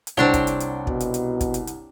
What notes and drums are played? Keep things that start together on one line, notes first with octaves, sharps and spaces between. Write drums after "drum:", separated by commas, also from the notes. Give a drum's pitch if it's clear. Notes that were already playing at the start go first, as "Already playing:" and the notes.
drum: hi-hat
C2 C4 D4 C#5 F#5 G7
drum: kick, hi-hat
drum: hi-hat
drum: hi-hat
B2, drum: kick
drum: hi-hat
drum: hi-hat
drum: kick, hi-hat
drum: hi-hat
drum: hi-hat